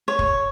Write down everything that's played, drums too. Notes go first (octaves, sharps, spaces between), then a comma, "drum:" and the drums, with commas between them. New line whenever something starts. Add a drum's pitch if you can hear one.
C#5
drum: kick